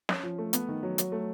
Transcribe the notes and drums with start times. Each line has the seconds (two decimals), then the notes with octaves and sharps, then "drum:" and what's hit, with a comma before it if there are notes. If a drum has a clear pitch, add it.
0.09 C#4, drum: snare
0.23 F3
0.38 A3
0.53 B3, drum: hi-hat
0.69 D#3
0.83 F#3
0.98 F#3, drum: hi-hat
1.12 A3